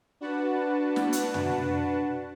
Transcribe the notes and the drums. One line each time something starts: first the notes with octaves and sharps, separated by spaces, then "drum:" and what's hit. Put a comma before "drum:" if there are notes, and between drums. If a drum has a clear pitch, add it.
D4 F#4 B4 F#5 A5
drum: snare
drum: hi-hat
drum: tom